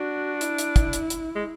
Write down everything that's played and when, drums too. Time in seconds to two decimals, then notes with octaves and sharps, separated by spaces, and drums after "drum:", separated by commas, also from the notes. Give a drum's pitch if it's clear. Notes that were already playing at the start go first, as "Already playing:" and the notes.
Already playing: D4 F#4
0.41 E4, drum: hi-hat
0.58 drum: hi-hat
0.76 drum: kick, hi-hat
0.93 drum: hi-hat
1.10 drum: hi-hat
1.35 G#3